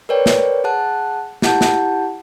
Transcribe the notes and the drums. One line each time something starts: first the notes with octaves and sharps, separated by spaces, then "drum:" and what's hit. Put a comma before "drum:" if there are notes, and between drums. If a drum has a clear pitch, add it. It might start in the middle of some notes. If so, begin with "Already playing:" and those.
A#4 B4 C#5 D5 G5
drum: snare
G#4 F#5 A5 F#6
E4 G4 F#5 A5 G6, drum: snare
drum: snare